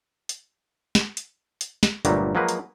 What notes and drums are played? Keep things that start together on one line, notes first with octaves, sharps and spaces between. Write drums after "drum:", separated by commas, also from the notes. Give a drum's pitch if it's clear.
drum: hi-hat
drum: snare
drum: hi-hat
drum: hi-hat
drum: snare
G1 D2 A#2 F#3 G3, drum: hi-hat
F3 F#3 G#3 A#3 B4
drum: hi-hat